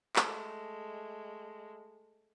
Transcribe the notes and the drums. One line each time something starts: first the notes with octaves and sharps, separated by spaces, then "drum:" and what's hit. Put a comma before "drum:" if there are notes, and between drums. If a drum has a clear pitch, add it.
G#3 A3, drum: clap